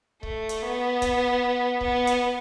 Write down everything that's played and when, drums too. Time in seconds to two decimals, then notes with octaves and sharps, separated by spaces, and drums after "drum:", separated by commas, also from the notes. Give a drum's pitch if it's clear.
0.23 A3, drum: kick C#1
0.49 drum: hi-hat
0.62 B3
1.02 drum: kick C#1, hi-hat
1.81 B3, drum: kick C#1
2.07 drum: hi-hat